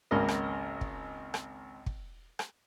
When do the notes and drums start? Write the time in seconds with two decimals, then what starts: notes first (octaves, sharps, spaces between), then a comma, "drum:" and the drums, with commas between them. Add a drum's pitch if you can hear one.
0.11 G#1 C#2 A#3 A#4 D#5
0.28 drum: rim click
0.81 drum: kick
1.34 drum: rim click
1.86 drum: kick
2.39 drum: rim click